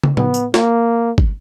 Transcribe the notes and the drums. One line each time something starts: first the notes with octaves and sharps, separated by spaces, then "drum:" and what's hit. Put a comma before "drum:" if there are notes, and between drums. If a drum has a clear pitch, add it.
drum: tom
B3, drum: tom
drum: tambourine
A#3, drum: snare
drum: kick